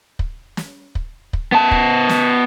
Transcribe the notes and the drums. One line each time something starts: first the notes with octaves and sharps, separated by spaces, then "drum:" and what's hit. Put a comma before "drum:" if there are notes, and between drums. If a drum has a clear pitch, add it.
drum: kick
drum: snare
drum: kick
drum: kick
B3 A5
drum: kick
drum: snare